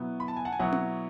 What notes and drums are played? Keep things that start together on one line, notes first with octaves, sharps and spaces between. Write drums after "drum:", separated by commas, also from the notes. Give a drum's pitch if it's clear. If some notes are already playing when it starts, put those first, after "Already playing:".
Already playing: B2 F#3 B3 E4
B5
A5
G#5
F#5 A5
G#5
B2 F#3 B3 E4 F#5
drum: tom C4